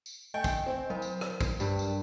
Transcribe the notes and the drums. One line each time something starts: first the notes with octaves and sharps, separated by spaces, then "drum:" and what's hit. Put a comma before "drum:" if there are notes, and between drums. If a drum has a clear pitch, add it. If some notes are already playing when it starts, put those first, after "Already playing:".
drum: tambourine
A3 D#5 G5 G#5
drum: kick, tambourine
C4
F#3 A#4 C5
drum: tambourine
drum: rim click
drum: kick, tambourine
G2 G3, drum: tambourine
drum: tambourine